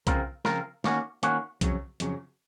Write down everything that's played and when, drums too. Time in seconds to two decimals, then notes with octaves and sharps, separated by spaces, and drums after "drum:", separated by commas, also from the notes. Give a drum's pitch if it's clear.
0.07 C#3 F3 C4 F4 A#4, drum: kick B1, hi-hat
0.45 C#3 F3 C4 F4 A#4, drum: snare
0.84 D#3 A#3 C#4 F#4, drum: snare
1.23 D#3 A#3 C#4 F#4, drum: hi-hat
1.61 F2 C#3 F#3, drum: kick B1, hi-hat
2.00 F2 C#3 F#3, drum: hi-hat